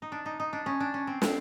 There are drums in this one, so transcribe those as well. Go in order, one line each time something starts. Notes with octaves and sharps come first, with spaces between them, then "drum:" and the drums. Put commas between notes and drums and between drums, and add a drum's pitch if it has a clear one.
D#4
D4
D#4
D#4
D4
C#4
D4
C#4
C4
C4, drum: snare